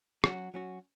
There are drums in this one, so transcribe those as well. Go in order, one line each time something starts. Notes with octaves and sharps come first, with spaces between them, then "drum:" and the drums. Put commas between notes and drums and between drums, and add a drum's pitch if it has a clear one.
F#3 C#4 F#4, drum: rim click
F#3 C#4 F#4